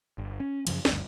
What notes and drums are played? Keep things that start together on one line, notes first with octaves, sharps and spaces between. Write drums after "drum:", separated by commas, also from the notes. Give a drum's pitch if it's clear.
G1
C#4
F#2 C#3 F3, drum: cymbal
F#1 D2 G2, drum: snare